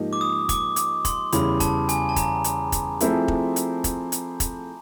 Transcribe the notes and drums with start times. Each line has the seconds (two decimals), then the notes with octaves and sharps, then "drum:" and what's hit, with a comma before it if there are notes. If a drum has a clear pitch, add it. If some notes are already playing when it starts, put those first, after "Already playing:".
Already playing: G#2 F3 A#3 D#4 G4
0.13 D6
0.21 D#6
0.49 D6, drum: kick, hi-hat
0.76 D6, drum: hi-hat
1.05 C6, drum: kick, hi-hat
1.32 E2 C#3 E3 G3 B5, drum: hi-hat
1.60 A5, drum: kick, hi-hat
1.89 G#5, drum: hi-hat
2.09 A5
2.16 A#5, drum: kick, hi-hat
2.44 drum: hi-hat
2.72 drum: kick, hi-hat
3.01 F3 A3 C4 E4 G#4, drum: hi-hat
3.28 drum: kick
3.56 drum: hi-hat
3.84 drum: kick, hi-hat
4.12 drum: hi-hat
4.40 drum: kick, hi-hat